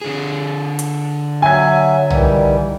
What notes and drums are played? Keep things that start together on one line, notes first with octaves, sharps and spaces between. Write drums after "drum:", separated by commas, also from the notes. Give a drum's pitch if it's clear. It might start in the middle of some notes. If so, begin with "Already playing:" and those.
D3 G#4
drum: hi-hat
F#3 E5 G#5 G#6
D#3 E3 G3, drum: tom B1